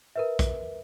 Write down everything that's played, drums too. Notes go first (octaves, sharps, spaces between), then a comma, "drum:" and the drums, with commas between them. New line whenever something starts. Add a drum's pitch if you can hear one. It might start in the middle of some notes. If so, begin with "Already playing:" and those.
A#4 B4 E5
drum: kick, hi-hat